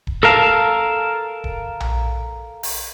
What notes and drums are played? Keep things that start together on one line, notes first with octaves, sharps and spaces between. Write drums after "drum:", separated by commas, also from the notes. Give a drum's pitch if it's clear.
drum: kick D#1
A4 A#4 F5 A5
drum: kick D#1
drum: tom A#1
drum: open hi-hat